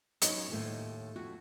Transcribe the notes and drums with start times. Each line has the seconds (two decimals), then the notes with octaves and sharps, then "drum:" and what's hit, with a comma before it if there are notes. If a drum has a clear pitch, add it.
0.22 F#2 D#4 C#5, drum: hi-hat
0.50 D#2 A2 C5
1.16 F2 F#4